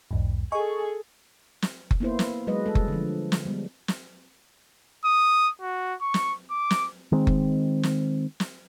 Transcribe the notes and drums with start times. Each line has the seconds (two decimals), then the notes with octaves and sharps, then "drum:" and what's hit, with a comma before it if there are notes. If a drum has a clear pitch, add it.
0.11 B1 E2 G#2
0.52 G#4 A4 D#5 G#5 C#6
1.62 drum: snare
1.91 drum: kick F#1
2.00 A#3 B3 E4 C5
2.19 drum: snare
2.47 F#3 G#3 B4 D#5
2.66 G3 G#3 A4
2.75 drum: kick F#1
2.88 D3 F3
3.32 drum: snare
3.45 G3 G#3 B3
3.88 drum: snare
5.05 D#6
5.62 F#4
6.01 C#6
6.14 drum: snare
6.51 D6
6.70 drum: snare
7.12 D#3 G#3 C4
7.27 drum: kick F#1
7.83 drum: snare
8.40 drum: snare